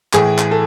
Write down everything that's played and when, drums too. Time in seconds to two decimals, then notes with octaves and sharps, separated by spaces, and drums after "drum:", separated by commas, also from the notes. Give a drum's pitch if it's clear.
0.13 A2 E3 G#4, drum: clap
0.39 drum: clap
0.51 A4